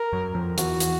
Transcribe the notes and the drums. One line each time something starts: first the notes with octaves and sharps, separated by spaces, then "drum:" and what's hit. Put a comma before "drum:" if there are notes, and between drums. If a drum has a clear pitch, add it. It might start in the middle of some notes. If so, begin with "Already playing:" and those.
Already playing: A#4
F#2 F#3
F2 F3
E2 E3 F#4, drum: hi-hat
drum: hi-hat